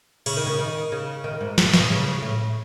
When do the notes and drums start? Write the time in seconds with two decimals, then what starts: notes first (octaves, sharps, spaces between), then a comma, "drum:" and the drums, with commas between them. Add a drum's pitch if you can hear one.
0.26 C#3, drum: cymbal
0.37 D#3
0.47 C#3
0.59 D#3
0.92 C#3
1.24 D#3
1.41 G#2
1.58 G#2, drum: snare
1.74 B2, drum: snare
1.90 C#3
2.22 A2